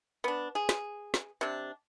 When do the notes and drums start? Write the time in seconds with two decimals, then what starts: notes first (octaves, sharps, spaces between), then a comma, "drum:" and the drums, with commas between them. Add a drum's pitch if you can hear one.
0.24 B3 D4
0.55 G#4
0.69 drum: snare
1.14 drum: snare
1.41 C3 D4